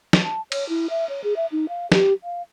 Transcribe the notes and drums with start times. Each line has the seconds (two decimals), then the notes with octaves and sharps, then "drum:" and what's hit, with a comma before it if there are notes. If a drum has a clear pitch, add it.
0.13 drum: snare
0.24 A5
0.52 C#5, drum: cymbal
0.69 E4
0.90 E5
1.09 C#5
1.24 G#4
1.36 E5
1.52 D#4
1.69 F5
1.92 G4, drum: snare
2.24 F5